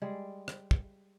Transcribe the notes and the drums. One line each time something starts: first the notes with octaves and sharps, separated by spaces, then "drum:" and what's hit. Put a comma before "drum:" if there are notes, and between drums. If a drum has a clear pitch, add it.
G3 G#3 G#4 D5
drum: rim click
drum: kick